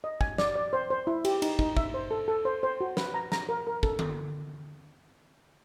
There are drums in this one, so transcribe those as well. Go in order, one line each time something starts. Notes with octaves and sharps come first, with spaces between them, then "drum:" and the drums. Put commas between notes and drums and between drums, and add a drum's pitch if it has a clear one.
D#5
G#5, drum: kick
D5, drum: snare
D5
C5
C5
E4
G4, drum: cymbal
D#4, drum: cymbal
D#4, drum: kick
E5, drum: kick
C5
A4
A4
C5
C5
F#4
B4, drum: snare
A#5
A#5, drum: snare
A#4
A#4
A4, drum: kick
drum: tom D3